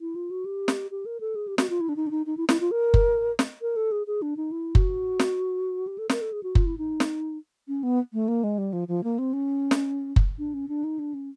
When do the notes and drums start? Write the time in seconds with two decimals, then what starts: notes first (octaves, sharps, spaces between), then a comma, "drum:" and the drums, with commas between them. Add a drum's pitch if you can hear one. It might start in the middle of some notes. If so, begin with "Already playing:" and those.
0.01 E4
0.15 F4
0.31 F#4
0.45 G4
0.68 drum: snare
0.91 G4
1.06 A#4
1.20 A4
1.35 G#4
1.47 G4
1.58 F#4, drum: snare
1.69 F4
1.81 E4
1.89 D4
1.96 D#4
2.07 D4
2.11 D#4
2.26 D#4
2.37 E4
2.49 E4, drum: snare
2.60 F4
2.71 A#4
2.94 drum: kick F#1
3.39 drum: snare
3.61 A#4
3.76 A4
3.91 G#4
4.07 G#4
4.22 D4
4.37 D#4
4.51 E4
4.75 F#4, drum: kick F#1
5.19 drum: snare
5.87 G4
5.98 A4
6.09 A#4, drum: snare
6.21 A4
6.32 G#4
6.43 F#4
6.55 F4, drum: kick F#1
6.66 E4
6.78 D#4
7.00 drum: snare
7.68 C#4
7.83 B3
8.13 A3
8.28 A#3
8.44 G#3
8.58 G3
8.73 F3
8.88 F3
9.04 A#3
9.19 C4
9.33 C#4
9.71 drum: snare
10.16 drum: kick F#1
10.38 D4
10.54 C#4
10.68 D4
10.84 D#4
10.99 D4
11.14 C#4